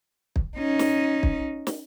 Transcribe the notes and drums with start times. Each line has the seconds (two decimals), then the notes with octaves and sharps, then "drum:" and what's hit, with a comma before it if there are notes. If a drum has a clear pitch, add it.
0.36 drum: kick
0.57 C#4 D#4
0.79 drum: snare
1.23 drum: kick
1.67 drum: snare